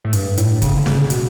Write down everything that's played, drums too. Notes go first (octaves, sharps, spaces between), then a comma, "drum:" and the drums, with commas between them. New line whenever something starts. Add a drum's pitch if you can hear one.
A2
G2, drum: hi-hat
A2, drum: hi-hat
C#3, drum: kick, hi-hat
D3
C#3, drum: snare
B2, drum: hi-hat